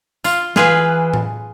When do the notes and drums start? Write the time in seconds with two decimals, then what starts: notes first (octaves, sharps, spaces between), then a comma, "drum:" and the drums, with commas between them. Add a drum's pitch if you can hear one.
0.24 F4, drum: tambourine
0.56 E3 F4 G#4 B4, drum: snare
1.14 drum: tom A2